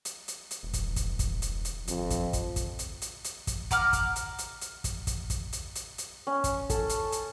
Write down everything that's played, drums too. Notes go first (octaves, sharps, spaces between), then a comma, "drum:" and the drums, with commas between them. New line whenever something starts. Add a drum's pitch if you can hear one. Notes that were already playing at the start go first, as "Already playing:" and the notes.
drum: hi-hat
drum: hi-hat
drum: hi-hat
E1
drum: kick, hi-hat
drum: kick, hi-hat
drum: kick, hi-hat
drum: hi-hat
drum: hi-hat
G1 F2, drum: hi-hat
drum: kick, hi-hat
drum: kick, hi-hat
drum: kick, hi-hat
drum: hi-hat
drum: hi-hat
drum: hi-hat
drum: kick, hi-hat
F#5 A#5 D6 F6, drum: kick, hi-hat
drum: kick, hi-hat
drum: hi-hat
drum: hi-hat
drum: hi-hat
drum: kick, hi-hat
drum: kick, hi-hat
drum: kick, hi-hat
drum: hi-hat
drum: hi-hat
drum: hi-hat
C#4
drum: kick, hi-hat
A4, drum: kick, hi-hat
drum: hi-hat
drum: hi-hat